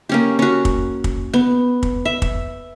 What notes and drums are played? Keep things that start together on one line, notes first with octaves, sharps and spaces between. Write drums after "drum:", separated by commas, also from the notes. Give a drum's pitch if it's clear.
A#3 C#4 G4
C#4 F#4
drum: kick
drum: kick
B3
drum: kick
E5
drum: kick